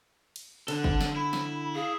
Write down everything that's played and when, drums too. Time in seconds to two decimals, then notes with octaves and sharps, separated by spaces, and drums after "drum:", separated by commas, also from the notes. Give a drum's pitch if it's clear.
0.36 drum: cymbal
0.68 D3 A4 F#5, drum: cymbal
0.84 drum: kick
1.01 drum: snare
1.16 E4 B5
1.33 drum: snare
1.75 G#4 F5